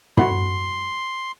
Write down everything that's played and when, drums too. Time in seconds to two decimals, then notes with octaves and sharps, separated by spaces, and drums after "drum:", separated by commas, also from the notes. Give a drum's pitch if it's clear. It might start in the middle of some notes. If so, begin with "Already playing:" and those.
0.17 F#4 F#5 B5 C6, drum: tom